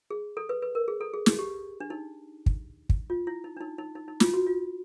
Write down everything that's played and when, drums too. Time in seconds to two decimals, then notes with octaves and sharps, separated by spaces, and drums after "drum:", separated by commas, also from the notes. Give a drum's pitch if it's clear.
0.11 G#4
0.37 A4
0.49 B4
0.62 B4
0.75 A#4
0.88 G#4
1.01 A4
1.14 G#4
1.26 G#4, drum: snare
1.39 G4
1.80 D4
1.90 D#4
2.46 drum: kick
2.89 drum: kick
3.10 F4
3.27 E4
3.44 D#4
3.57 D4
3.61 D#4
3.78 D#4
3.95 D#4
4.08 D#4
4.20 F4, drum: snare
4.34 F#4
4.46 F4